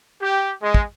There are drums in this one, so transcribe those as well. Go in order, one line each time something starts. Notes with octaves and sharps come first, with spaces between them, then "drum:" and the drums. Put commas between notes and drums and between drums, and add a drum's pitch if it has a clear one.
G4
G#3
drum: kick